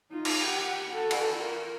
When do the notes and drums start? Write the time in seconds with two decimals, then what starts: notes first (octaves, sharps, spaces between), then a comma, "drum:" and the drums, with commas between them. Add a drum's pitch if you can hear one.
0.11 D#4 F4
0.25 drum: cymbal
0.43 G4 F#5
0.90 F#4 A4
1.11 drum: cymbal
1.33 F4 A#4